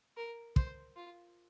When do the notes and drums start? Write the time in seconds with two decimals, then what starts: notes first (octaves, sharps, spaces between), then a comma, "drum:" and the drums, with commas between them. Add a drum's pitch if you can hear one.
0.17 A#4
0.56 C5, drum: kick
0.96 F4